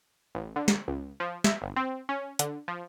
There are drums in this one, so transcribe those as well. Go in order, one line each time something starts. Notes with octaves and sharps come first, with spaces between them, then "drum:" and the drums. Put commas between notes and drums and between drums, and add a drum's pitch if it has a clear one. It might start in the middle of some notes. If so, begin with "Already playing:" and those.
A1
D3
drum: snare
C#2
F3
E5, drum: snare
G1
C4
C#4
D3, drum: hi-hat
F3